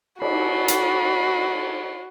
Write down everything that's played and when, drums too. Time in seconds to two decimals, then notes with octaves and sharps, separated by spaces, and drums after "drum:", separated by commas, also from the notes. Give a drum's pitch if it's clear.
0.22 F#4 B5 C7, drum: cymbal
0.68 drum: hi-hat